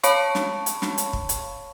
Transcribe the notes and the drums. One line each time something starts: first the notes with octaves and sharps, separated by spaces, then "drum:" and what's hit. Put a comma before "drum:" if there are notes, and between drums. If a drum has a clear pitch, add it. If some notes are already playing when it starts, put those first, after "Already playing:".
C#5 F5 A5 B5 C#6, drum: hi-hat
drum: snare
drum: hi-hat
drum: snare
drum: hi-hat
drum: kick
drum: hi-hat